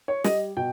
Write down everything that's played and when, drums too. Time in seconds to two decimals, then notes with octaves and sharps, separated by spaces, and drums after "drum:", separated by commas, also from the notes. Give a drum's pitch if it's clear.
0.08 C#5
0.24 G3 D#5, drum: snare
0.57 B2 G5